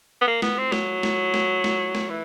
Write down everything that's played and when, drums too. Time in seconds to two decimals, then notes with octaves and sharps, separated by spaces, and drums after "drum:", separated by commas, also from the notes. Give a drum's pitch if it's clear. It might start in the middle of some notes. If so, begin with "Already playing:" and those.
0.21 B3
0.27 A#3
0.42 B3, drum: snare
0.58 C4
0.72 F#3, drum: snare
1.03 drum: snare
1.34 drum: snare
1.64 drum: snare
1.95 drum: snare
2.09 E3